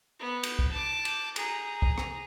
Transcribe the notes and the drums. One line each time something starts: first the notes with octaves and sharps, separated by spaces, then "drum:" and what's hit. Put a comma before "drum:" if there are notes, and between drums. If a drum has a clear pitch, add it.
B3
drum: cymbal
drum: kick
A5 D6
drum: cymbal
G#4 A#5, drum: cymbal
drum: kick
drum: rim click